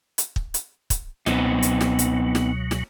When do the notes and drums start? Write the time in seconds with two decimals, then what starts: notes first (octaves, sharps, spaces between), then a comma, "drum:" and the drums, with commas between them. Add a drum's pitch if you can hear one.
0.18 drum: hi-hat
0.36 drum: kick
0.54 drum: hi-hat
0.90 drum: kick, hi-hat
1.26 C#2 B2 F#3 B3 C4 D#4, drum: snare
1.62 drum: hi-hat
1.81 drum: snare
1.99 drum: hi-hat
2.35 drum: snare
2.71 drum: snare